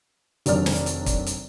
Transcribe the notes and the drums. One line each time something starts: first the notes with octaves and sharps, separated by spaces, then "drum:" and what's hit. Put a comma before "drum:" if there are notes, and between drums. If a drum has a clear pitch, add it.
F1 D#3 F#3 D4 D5 F6, drum: hi-hat
drum: snare
drum: hi-hat
drum: kick, hi-hat
drum: hi-hat